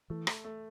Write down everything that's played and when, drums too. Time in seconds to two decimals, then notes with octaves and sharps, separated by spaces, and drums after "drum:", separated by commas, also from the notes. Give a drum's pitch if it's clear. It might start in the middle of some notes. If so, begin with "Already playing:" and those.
0.10 E3 A3
0.27 A3, drum: rim click
0.44 A3